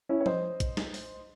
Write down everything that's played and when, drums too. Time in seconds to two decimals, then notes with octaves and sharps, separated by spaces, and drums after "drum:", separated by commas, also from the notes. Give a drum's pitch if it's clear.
0.09 C#4 E4
0.20 C#5
0.26 C5 D#5, drum: tom F3
0.60 drum: kick, hi-hat
0.77 drum: snare
0.94 drum: open hi-hat